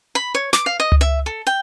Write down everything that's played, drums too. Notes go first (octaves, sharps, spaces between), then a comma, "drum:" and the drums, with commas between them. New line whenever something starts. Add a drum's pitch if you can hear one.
B5
C#5
D6, drum: snare
F5
D#5
drum: tom C#2
E5
A4
G5